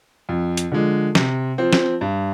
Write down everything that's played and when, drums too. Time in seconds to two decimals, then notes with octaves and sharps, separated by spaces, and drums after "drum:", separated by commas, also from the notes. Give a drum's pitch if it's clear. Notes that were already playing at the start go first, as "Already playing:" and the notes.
0.29 F2
0.57 drum: hi-hat
0.72 D3 F3 G#3
1.15 C3, drum: snare
1.58 F3 C4
1.73 drum: snare
2.01 G2